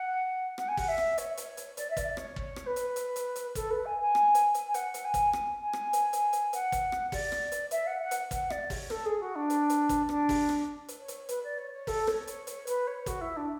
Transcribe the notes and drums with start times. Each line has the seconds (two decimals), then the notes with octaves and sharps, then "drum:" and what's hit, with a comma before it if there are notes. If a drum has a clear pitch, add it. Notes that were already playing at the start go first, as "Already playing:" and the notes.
Already playing: F#5
0.58 F#5, drum: rim click
0.68 G#5
0.77 F#5, drum: kick, open hi-hat
0.88 E5
0.98 drum: rim click
1.18 C#5, drum: hi-hat
1.37 drum: hi-hat
1.57 drum: hi-hat
1.77 D5, drum: hi-hat
1.90 E5
1.97 D5, drum: kick, hi-hat
2.17 C#5, drum: rim click
2.36 C#5, drum: kick
2.56 drum: rim click
2.66 B4
2.76 drum: hi-hat
2.96 drum: hi-hat
3.16 drum: hi-hat
3.36 drum: hi-hat
3.55 A4, drum: kick, hi-hat
3.70 B4
3.85 G#5
4.00 G#5
4.15 drum: rim click
4.35 drum: hi-hat
4.54 drum: hi-hat
4.68 G#5
4.74 F#5, drum: hi-hat
4.94 drum: hi-hat
5.04 G#5
5.14 drum: kick, hi-hat
5.33 G#5, drum: rim click
5.59 G#5
5.73 drum: rim click
5.93 drum: hi-hat
6.13 drum: hi-hat
6.33 drum: hi-hat
6.53 F#5, drum: hi-hat
6.72 drum: kick, hi-hat
6.92 drum: rim click
7.12 D5, drum: kick, open hi-hat
7.32 drum: rim click
7.52 drum: hi-hat
7.71 E5, drum: hi-hat
7.86 F#5
8.01 F#5
8.11 drum: hi-hat
8.31 F#5, drum: kick, hi-hat
8.50 D5, drum: rim click
8.70 C#5, drum: kick, open hi-hat
8.90 A4, drum: rim click
9.05 G#4
9.20 F#4
9.35 D4
9.50 drum: hi-hat
9.70 drum: hi-hat
9.89 drum: kick, hi-hat
10.09 D4, drum: rim click
10.29 drum: kick, open hi-hat
10.49 drum: rim click
10.88 drum: hi-hat
10.98 C#5
11.08 drum: hi-hat
11.29 B4, drum: hi-hat
11.43 D5
11.58 C#5
11.73 C#5
11.87 A4, drum: kick, open hi-hat
12.07 C#5, drum: rim click
12.27 C#5, drum: hi-hat
12.47 C#5, drum: hi-hat
12.67 B4, drum: hi-hat
12.87 C#5
13.06 F#4, drum: kick, hi-hat
13.21 E4
13.36 D4